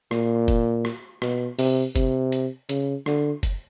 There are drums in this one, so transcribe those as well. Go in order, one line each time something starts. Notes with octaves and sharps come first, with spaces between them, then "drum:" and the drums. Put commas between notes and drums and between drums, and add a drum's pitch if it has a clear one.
A#2, drum: rim click
drum: kick F#1, hi-hat
drum: rim click
B2, drum: rim click
C3, drum: open hi-hat
C3, drum: kick F#1, hi-hat
drum: hi-hat
C#3, drum: hi-hat
D3, drum: rim click
drum: kick F#1, hi-hat